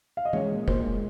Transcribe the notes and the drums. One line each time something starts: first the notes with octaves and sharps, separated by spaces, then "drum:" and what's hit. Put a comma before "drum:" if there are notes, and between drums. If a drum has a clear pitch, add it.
F5
D#5
G#3 C#5, drum: tom E3
A#2
A#2 C5, drum: kick F1
G#3